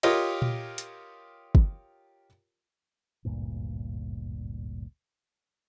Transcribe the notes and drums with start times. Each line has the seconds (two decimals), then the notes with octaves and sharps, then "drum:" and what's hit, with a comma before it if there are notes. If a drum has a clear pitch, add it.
0.03 F4 G4 A#4 C#5 D#5, drum: cymbal
0.42 drum: tom A#2
0.78 drum: hi-hat
1.55 drum: kick
3.25 G#1 D2 G2 A#2